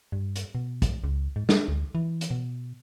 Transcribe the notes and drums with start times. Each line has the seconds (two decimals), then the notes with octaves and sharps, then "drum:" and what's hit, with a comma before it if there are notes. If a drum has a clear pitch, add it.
0.12 G2
0.36 drum: hi-hat
0.55 B2
0.82 drum: kick, hi-hat
1.04 C#2
1.36 G#2
1.49 D4, drum: snare
1.68 D2
1.95 E3
2.21 drum: hi-hat
2.31 B2